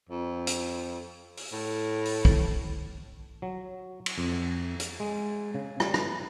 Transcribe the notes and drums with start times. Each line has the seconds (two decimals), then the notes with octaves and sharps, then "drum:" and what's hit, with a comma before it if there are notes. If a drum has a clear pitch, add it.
0.09 F2
0.47 drum: hi-hat
1.37 drum: open hi-hat
1.53 A2
2.05 drum: open hi-hat
2.25 drum: kick
3.42 F#3
4.06 drum: cymbal
4.18 F2
4.80 drum: hi-hat
5.00 G#3
5.54 C#3
5.80 G3, drum: rim click
5.94 B4, drum: rim click